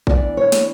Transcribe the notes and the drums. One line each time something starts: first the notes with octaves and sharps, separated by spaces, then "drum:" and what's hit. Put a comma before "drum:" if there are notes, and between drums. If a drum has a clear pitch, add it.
E3 B3 D4 D5, drum: kick
C#5
drum: snare